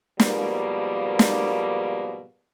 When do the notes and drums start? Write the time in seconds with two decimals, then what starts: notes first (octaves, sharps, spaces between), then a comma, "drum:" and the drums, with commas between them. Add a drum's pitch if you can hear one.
0.20 G#2 B2 F3 G3 A#3, drum: snare
1.19 drum: snare